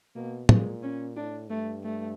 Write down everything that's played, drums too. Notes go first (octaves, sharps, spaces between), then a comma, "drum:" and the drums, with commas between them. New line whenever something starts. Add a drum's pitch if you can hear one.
B2 A#3
A#2 G#3, drum: tom
C#4
A2 D4
G2 A3
A3